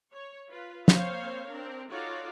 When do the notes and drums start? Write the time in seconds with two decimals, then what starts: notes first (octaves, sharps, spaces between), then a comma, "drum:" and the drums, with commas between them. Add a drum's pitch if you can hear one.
0.11 C#5
0.51 F4 B4
0.88 A#3 C4 C5 C#5 F5, drum: snare
1.48 C4 D4 A#4
1.90 D#4 F4 F#4 A4 C#5 D5